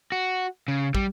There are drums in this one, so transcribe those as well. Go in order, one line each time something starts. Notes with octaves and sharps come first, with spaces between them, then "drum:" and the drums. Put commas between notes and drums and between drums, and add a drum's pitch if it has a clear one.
F#4
C#3
G3, drum: kick